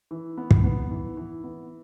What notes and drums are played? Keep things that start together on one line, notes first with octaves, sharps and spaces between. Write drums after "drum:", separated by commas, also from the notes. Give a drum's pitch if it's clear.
E3
B3
drum: kick
B3
E3
E3
B3